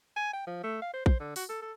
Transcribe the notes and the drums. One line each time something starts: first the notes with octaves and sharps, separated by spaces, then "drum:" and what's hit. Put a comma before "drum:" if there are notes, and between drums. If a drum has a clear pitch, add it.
G#5
G5
F3
A3
F5
C5
C5, drum: kick A#1
D3
F#4, drum: open hi-hat
A4
A4